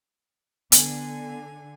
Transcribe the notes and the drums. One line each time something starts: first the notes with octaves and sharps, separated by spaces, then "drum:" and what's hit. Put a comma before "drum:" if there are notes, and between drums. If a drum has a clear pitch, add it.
D3 B3 G#5, drum: hi-hat